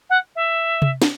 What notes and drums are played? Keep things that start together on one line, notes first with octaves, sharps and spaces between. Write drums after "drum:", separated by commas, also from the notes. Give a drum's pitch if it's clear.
F#5
E5
drum: tom C3
drum: snare